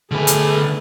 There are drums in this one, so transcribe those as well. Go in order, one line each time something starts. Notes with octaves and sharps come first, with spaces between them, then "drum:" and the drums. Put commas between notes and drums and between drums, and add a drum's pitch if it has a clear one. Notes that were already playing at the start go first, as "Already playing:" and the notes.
D3 A3 G#4 B4
drum: hi-hat